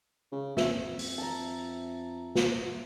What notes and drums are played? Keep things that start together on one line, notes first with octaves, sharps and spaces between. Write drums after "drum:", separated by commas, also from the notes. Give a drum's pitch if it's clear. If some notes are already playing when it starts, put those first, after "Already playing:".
C#3
F2 E5, drum: snare
drum: open hi-hat
A5 A#5
drum: snare